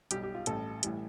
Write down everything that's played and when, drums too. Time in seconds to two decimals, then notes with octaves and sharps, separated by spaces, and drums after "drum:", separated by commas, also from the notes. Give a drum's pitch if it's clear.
0.11 B1 B2 G3 G4, drum: hi-hat
0.23 G4
0.35 F4
0.46 A1 A2 G3 A4, drum: hi-hat
0.83 A2 E3 G3, drum: hi-hat